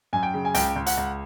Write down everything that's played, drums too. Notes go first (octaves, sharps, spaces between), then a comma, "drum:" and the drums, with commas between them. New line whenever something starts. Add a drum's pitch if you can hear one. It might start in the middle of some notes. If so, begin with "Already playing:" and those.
F#2 G#5
G5
C#3
G#5
C#2 G5, drum: hi-hat
C#2
F#5, drum: hi-hat
C#2